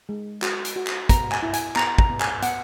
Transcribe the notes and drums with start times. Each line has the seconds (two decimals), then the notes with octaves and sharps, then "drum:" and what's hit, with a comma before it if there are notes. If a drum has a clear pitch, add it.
0.09 G#3
0.42 F#4, drum: clap
0.65 drum: hi-hat
0.76 F#4
0.87 drum: clap
1.09 B3 A#5, drum: kick, hi-hat
1.32 G#5, drum: clap
1.43 E4
1.53 G#5, drum: hi-hat
1.76 B3 A#5, drum: clap
1.98 A#5, drum: kick
2.09 B3
2.20 G#5, drum: clap
2.42 B3 F#5, drum: hi-hat